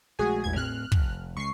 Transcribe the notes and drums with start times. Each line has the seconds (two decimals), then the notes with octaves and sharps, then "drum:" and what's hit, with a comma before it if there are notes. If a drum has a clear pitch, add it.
0.19 A#1 G#3 A3 F#4 G#4 G#5
0.44 A1 E2 G#6
0.56 A2 C4 F6 F#6
0.92 F1, drum: kick
1.37 C#2 C#6 C7